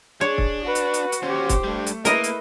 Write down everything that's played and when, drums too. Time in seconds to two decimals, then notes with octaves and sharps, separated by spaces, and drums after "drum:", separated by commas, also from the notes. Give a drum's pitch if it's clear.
0.21 D4 G#4 C#5
0.38 drum: kick
0.65 F#4 B4
0.75 drum: hi-hat
0.94 drum: hi-hat
1.12 drum: hi-hat
1.23 D#2 C#4 G4 C5
1.49 drum: kick, hi-hat
1.64 G3 A3 D4
1.86 drum: hi-hat
2.05 A#3 E4 A#4 B4 D#5, drum: hi-hat
2.24 drum: hi-hat